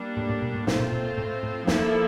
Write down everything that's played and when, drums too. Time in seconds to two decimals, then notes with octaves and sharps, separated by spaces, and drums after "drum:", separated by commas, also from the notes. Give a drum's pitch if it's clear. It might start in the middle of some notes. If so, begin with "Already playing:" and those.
Already playing: G3 A#3 D4
0.17 A2
0.29 A2
0.42 A#2
0.55 A2
0.67 A#2 A3 C4 F4 C5, drum: snare
0.76 A2
0.80 A#2
0.92 A#2
1.05 A#2
1.18 A2
1.43 A2
1.67 F2 F3 A#3 E4 A4, drum: snare